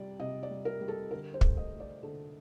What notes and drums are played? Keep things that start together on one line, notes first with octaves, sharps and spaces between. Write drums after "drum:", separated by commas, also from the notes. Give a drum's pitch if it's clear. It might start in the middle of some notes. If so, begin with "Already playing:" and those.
Already playing: C3 G3 D5
C3 D#5
D5
G3
A#4
G3
A4
D3 A#4
C5
A3, drum: kick
D#5
A3
D5
D3 A4